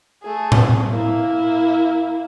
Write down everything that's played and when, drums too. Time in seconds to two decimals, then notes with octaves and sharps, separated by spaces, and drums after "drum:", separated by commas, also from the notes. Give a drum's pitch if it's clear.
0.23 A3 G#4
0.52 drum: tom A2
0.90 A#3 E4